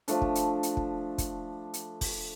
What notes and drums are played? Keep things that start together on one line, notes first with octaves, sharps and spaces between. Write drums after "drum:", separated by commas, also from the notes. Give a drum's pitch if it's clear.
F3 A3 D4, drum: hi-hat
drum: kick
drum: hi-hat
drum: hi-hat
drum: kick
drum: kick, hi-hat
drum: hi-hat
drum: kick, open hi-hat